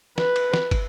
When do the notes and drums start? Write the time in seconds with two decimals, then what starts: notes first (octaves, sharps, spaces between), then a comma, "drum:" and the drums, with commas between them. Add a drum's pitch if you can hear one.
0.18 B4, drum: snare
0.36 drum: cymbal
0.54 drum: snare
0.71 drum: kick, cymbal